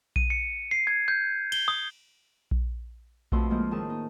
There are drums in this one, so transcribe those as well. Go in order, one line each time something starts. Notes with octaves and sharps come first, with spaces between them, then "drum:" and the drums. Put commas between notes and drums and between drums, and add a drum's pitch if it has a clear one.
D#7, drum: kick A#1
C#7
C7
G#6
G6
G7, drum: cymbal
D#6
drum: kick A#1
F2 B2 A3 B4 C6, drum: kick A#1
F3 G#3 A#3 C5
A2 D#3 G#4 A5
D#4